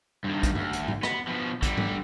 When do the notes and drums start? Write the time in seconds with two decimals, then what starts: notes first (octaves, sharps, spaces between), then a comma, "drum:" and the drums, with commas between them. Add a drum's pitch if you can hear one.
0.24 G2 D#3
0.43 drum: kick, hi-hat
0.55 D2, drum: tom G2
0.73 drum: hi-hat
0.88 drum: tom G#2
1.03 B3, drum: rim click
1.28 B2 F3
1.62 D3 G3, drum: kick, hi-hat
1.77 drum: tom G#2